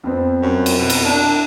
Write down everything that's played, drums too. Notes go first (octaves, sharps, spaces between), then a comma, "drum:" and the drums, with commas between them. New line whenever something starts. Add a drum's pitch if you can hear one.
F2 B3 C4
F#2
drum: cymbal
B2
drum: cymbal
D4